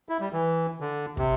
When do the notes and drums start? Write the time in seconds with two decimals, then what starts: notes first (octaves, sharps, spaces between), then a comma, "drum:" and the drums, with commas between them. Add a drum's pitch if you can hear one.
0.09 E4
0.20 G3
0.33 E3
0.81 D3
1.17 C3, drum: kick